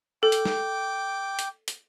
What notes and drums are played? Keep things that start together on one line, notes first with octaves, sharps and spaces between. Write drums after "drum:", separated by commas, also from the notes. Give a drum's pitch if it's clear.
A4 G5 D6
drum: hi-hat
drum: snare
drum: hi-hat
drum: hi-hat